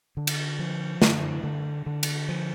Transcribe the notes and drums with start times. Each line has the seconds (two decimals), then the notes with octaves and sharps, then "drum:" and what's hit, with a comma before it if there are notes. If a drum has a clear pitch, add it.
0.17 D3
0.27 drum: cymbal
0.59 F3
1.02 D3, drum: snare
1.44 D3
1.86 D3
2.03 drum: cymbal
2.29 F3